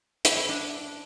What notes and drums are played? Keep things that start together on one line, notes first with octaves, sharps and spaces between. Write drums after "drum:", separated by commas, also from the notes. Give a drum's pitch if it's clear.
E4, drum: hi-hat
E4
D4